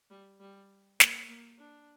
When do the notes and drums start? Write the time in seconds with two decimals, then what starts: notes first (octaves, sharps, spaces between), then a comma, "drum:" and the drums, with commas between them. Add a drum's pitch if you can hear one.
0.10 G3
0.40 G3
1.00 A#3, drum: snare
1.29 A#3
1.59 D4